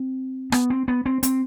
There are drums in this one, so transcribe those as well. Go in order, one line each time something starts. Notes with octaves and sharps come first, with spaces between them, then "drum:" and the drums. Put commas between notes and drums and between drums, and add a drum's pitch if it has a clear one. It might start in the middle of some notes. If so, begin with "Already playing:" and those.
Already playing: C4
B3, drum: rim click
C4
B3
C4
C4, drum: hi-hat